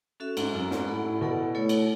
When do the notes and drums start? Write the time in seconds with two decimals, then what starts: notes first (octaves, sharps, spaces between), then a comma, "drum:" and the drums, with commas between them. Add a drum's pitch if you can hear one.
0.20 C#4 F#4 A4 E5
0.37 G#2, drum: cymbal
0.54 F#2 C#4 F#4 A4 E5
0.71 G#2, drum: snare
0.87 A2 E4 A4 D5 F#5
1.04 A2
1.21 B2 E4 A4 D5 F#5
1.55 A3 E4 A4 C#5
1.69 drum: cymbal